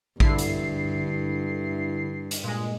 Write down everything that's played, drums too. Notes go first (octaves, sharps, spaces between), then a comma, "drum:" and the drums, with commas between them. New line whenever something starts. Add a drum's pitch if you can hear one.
G2 D3 E4 C7, drum: kick A1
drum: hi-hat
drum: hi-hat
A#2 G#3